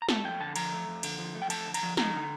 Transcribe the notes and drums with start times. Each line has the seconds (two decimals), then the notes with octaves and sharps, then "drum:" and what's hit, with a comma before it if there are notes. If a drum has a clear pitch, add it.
0.02 A#5
0.09 A3 A5, drum: snare
0.24 F2 G5
0.40 D3 A5
0.56 F3 A#5, drum: cymbal
0.72 A3
0.88 F2
1.03 D3, drum: cymbal
1.19 F3
1.35 A3
1.42 G5
1.50 F2 A5, drum: cymbal
1.66 D3
1.74 A#5, drum: cymbal
1.83 F3
1.97 D#4 A#5, drum: snare
2.14 D3